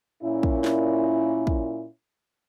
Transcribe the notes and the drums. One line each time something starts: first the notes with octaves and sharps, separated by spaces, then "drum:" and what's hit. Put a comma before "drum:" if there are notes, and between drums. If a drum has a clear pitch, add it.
A#2 C#4 E4
drum: kick
drum: snare
drum: kick